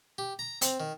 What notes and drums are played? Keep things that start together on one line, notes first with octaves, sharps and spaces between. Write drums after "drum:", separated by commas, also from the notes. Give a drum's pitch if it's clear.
G4
A#5
C4, drum: hi-hat
D#3